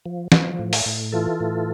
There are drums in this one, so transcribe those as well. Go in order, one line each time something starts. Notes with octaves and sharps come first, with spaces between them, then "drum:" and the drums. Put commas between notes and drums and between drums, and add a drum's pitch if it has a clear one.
F3
F3, drum: snare
A2
drum: open hi-hat
A2
E3 F4 A4
A2